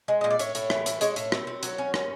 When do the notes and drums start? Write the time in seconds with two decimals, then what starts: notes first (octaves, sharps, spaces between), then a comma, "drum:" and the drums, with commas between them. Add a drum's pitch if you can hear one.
0.08 G#3
0.21 A#2 D#5
0.30 D5
0.39 A2 C#5, drum: hi-hat
0.55 A2, drum: hi-hat
0.70 E3, drum: rim click
0.86 A2, drum: hi-hat
1.01 G#3 C#5, drum: hi-hat
1.16 A2, drum: hi-hat
1.32 C4, drum: rim click
1.47 C4
1.63 F#3, drum: hi-hat
1.78 C#4
1.94 C#4, drum: rim click